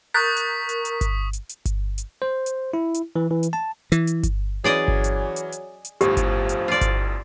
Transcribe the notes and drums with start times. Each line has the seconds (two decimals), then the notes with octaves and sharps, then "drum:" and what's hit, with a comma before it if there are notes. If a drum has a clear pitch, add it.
0.14 A#4 C#6 D#6 F#6 G6 A6 B6
0.37 drum: hi-hat
0.69 drum: hi-hat
0.85 drum: hi-hat
1.01 drum: kick G1, hi-hat
1.33 drum: hi-hat
1.49 drum: hi-hat
1.65 drum: kick G1, hi-hat
1.98 drum: hi-hat
2.22 C5
2.46 drum: hi-hat
2.73 E4
2.94 drum: hi-hat
3.16 E3
3.31 E3
3.43 drum: hi-hat
3.53 A5
3.92 E3, drum: hi-hat
4.07 drum: hi-hat
4.23 drum: kick G1, hi-hat
4.64 E3 F#3 C#4 G#4 D5 D#5
4.88 drum: kick G1
5.04 drum: hi-hat
5.36 drum: hi-hat
5.52 drum: hi-hat
5.85 drum: hi-hat
6.01 G1 D2 A2 F3 G4, drum: hi-hat
6.17 drum: kick G1, hi-hat
6.49 drum: hi-hat
6.68 F4 D5
6.81 drum: kick G1, hi-hat